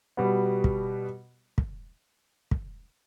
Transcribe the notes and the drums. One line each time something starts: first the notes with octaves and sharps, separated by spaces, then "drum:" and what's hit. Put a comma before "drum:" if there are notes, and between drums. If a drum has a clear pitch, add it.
B2 G3 B3
drum: kick
drum: kick
drum: kick